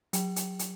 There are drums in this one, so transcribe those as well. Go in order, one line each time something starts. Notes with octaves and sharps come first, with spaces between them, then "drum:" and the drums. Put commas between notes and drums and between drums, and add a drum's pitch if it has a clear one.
F#3, drum: hi-hat
drum: hi-hat
drum: hi-hat